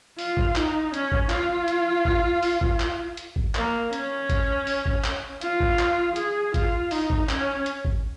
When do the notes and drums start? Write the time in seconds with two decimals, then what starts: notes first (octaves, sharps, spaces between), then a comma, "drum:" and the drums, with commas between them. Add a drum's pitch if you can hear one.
0.19 F4, drum: open hi-hat
0.37 drum: kick G1
0.56 D#4, drum: clap
0.94 C#4, drum: hi-hat
1.12 drum: kick G1
1.30 F4, drum: clap
1.68 drum: hi-hat
2.05 drum: kick G1
2.43 drum: open hi-hat
2.61 drum: kick G1
2.80 drum: clap
3.17 drum: hi-hat
3.36 drum: kick G1
3.55 A#3, drum: clap
3.93 C#4, drum: hi-hat
4.30 drum: kick G1, hi-hat
4.67 drum: open hi-hat
4.86 drum: kick G1
5.04 drum: clap
5.41 F4, drum: hi-hat
5.60 drum: kick G1
5.79 drum: clap
6.16 G#4, drum: hi-hat
6.54 F4, drum: kick G1, hi-hat
6.91 D#4, drum: open hi-hat
7.10 drum: kick G1
7.29 C#4, drum: clap
7.66 drum: hi-hat
7.85 drum: kick G1